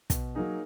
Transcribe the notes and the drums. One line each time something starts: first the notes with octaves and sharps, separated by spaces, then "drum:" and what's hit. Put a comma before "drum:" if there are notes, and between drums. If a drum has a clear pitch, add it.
B2, drum: kick, hi-hat
F#3 A#3 D#4 G#4